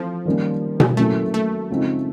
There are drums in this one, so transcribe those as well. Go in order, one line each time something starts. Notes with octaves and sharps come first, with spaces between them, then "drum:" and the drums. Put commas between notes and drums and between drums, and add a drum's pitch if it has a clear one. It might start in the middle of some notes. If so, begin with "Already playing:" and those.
Already playing: E3 F3 A3 C4
D#3 G3 A#3 C#4
drum: tom B2
F#3 A3 A#3 C#4 E4 A4
A3
C#3 F3 G#3 C4 D#4